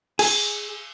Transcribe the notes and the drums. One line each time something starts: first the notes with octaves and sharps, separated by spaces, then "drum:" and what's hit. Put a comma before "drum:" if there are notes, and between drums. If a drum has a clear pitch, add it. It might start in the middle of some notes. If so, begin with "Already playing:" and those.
G#4, drum: cymbal